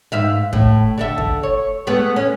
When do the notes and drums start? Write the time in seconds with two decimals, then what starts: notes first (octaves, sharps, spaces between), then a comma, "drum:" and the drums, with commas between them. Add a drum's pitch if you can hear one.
0.12 G#2 E5 F5
0.53 A2, drum: kick
0.98 D3 A4 E5
1.18 drum: kick
1.43 C#5
1.87 G#3 A3 B3
2.16 C#4